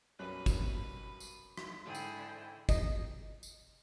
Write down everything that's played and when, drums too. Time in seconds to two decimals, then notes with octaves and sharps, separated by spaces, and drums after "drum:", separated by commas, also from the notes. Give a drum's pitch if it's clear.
0.19 B1 F#2 G3 B4 F#6
0.46 drum: kick, tambourine
1.20 drum: tambourine
1.57 drum: rim click
1.86 G#2 D3 E4 G#4 G5
1.95 drum: tambourine
2.69 D#5, drum: kick, tambourine
3.43 drum: tambourine